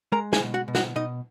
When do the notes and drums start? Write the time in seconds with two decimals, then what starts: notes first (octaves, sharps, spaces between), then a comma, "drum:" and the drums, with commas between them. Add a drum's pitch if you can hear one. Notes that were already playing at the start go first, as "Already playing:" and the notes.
0.12 G#3 A#4 A#5
0.33 G#4 G#5, drum: snare
0.40 B2
0.54 F#4 F#5
0.68 B2
0.75 F#4 F#5, drum: snare
0.96 B2 D#4 D#5